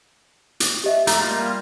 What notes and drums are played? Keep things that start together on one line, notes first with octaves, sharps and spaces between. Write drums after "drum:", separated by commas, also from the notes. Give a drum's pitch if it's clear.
drum: hi-hat
G4 D#5 E5
A3 A#5, drum: hi-hat
G3 A#3 F4